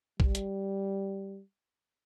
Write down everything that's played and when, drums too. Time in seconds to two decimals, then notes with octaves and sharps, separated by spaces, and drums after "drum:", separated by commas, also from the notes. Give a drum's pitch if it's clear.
0.20 G3, drum: kick
0.35 drum: hi-hat